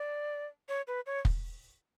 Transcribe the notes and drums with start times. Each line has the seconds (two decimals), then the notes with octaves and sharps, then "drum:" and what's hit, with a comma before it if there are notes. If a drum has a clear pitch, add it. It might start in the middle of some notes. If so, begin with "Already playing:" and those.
Already playing: D5
0.69 C#5
0.87 B4
1.06 C#5
1.25 drum: kick